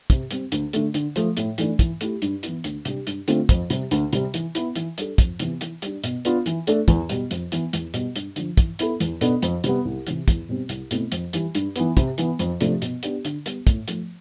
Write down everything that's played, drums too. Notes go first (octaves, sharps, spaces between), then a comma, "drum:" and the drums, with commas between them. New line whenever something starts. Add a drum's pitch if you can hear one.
C3, drum: kick, hi-hat
G3 C4, drum: hi-hat
D2, drum: hi-hat
D3 A3, drum: hi-hat
D3, drum: hi-hat
F3 A3, drum: hi-hat
A2, drum: hi-hat
E3 A3 D4, drum: hi-hat
E3, drum: kick, hi-hat
A3 E4 G4, drum: hi-hat
G2, drum: hi-hat
E3 B3 E4, drum: hi-hat
D2, drum: hi-hat
C3 G3 D4 G4, drum: hi-hat
G2, drum: hi-hat
D3 A3 C4 F4, drum: hi-hat
F2, drum: kick, hi-hat
C3 G3, drum: hi-hat
D2, drum: hi-hat
C3 G3, drum: hi-hat
E3, drum: hi-hat
B3 E4, drum: hi-hat
E3, drum: hi-hat
G3 D4 A4, drum: hi-hat
F2, drum: kick, hi-hat
C3 E3 B3, drum: hi-hat
E3, drum: hi-hat
G3 D4, drum: hi-hat
B2, drum: hi-hat
B3 D4 F4, drum: hi-hat
E3, drum: hi-hat
A3 D4 A4, drum: hi-hat
E2, drum: kick, hi-hat
B2 G3, drum: hi-hat
F2, drum: hi-hat
E3 B3, drum: hi-hat
E2, drum: hi-hat
B2 G3, drum: hi-hat
G2, drum: hi-hat
D3 F3, drum: hi-hat
E3, drum: kick, hi-hat
B3 E4 A4, drum: hi-hat
E2, drum: hi-hat
B2 B3 D4 A4, drum: hi-hat
F2, drum: hi-hat
C3 G3 B3, drum: hi-hat
C2
C3 E3, drum: hi-hat
E2, drum: kick, hi-hat
B2 G3 C4
C2, drum: hi-hat
B2 A3 C4 E4, drum: hi-hat
F2, drum: hi-hat
E3 G3, drum: hi-hat
G2, drum: hi-hat
E3 B3, drum: hi-hat
C3, drum: kick, hi-hat
E3 B3, drum: hi-hat
F2, drum: hi-hat
C3 F3 A3 D4, drum: hi-hat
B2, drum: hi-hat
B3 D4 G4, drum: hi-hat
D3, drum: hi-hat
G3 B3, drum: hi-hat
A2, drum: kick, hi-hat
F3 A3, drum: hi-hat